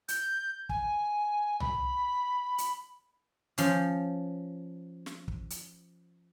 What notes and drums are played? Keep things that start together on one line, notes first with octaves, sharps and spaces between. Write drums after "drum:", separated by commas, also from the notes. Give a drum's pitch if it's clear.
G6, drum: hi-hat
G#5, drum: kick
B5, drum: tom C2
drum: hi-hat
F3 C#4, drum: hi-hat
drum: snare
drum: kick
drum: hi-hat